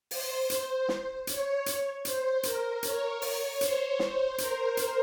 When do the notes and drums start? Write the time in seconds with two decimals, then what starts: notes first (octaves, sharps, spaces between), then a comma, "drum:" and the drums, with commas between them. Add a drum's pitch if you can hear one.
0.11 C5, drum: open hi-hat
0.50 drum: hi-hat
0.89 drum: snare
1.27 C#5, drum: hi-hat
1.66 drum: hi-hat
2.05 C5, drum: hi-hat
2.43 A#4, drum: hi-hat
2.83 C#5, drum: hi-hat
3.22 drum: open hi-hat
3.61 C5, drum: hi-hat
3.99 drum: snare
4.38 A#4, drum: hi-hat
4.77 drum: hi-hat